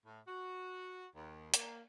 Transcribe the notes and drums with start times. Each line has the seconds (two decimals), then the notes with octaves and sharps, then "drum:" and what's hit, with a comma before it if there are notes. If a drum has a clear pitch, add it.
0.06 A2
0.28 F#4
1.16 D#2
1.54 A#3, drum: hi-hat